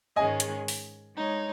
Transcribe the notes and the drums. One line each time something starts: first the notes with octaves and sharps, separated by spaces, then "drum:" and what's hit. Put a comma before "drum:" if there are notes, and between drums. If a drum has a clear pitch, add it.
G#2 D#3 G#3 C#4 G#4 D#5 G#5
drum: hi-hat
drum: open hi-hat
G#3 D#4 C#5